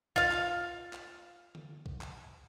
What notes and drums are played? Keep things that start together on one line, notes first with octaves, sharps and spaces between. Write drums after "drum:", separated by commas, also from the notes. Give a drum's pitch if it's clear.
F4 F5, drum: kick B1
drum: clap
drum: clap
drum: tom D3
drum: kick B1
drum: clap